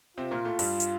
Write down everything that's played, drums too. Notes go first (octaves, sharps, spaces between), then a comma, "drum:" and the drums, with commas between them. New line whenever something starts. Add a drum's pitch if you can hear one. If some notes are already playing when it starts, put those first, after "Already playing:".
C3 C4 F4
A#2 A#3
A2 A3
G2 G3, drum: open hi-hat
drum: hi-hat